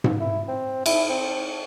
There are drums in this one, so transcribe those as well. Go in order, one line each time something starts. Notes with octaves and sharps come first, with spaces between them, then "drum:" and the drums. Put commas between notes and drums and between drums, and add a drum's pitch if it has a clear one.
drum: tom G#2
E4
C4
E4, drum: cymbal
C4